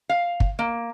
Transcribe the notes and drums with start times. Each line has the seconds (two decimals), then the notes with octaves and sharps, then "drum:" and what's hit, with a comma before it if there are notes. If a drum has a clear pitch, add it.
0.09 F5
0.40 drum: kick
0.59 A#3